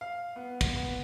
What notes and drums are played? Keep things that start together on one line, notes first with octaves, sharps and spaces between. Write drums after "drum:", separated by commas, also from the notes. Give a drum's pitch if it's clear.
F5
B3
drum: kick, cymbal
B3